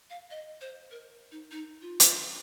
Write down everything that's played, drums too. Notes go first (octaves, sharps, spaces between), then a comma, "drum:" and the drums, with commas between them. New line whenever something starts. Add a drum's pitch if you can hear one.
F5
D#5
C5
A#4
D#4
D#4
F4
drum: hi-hat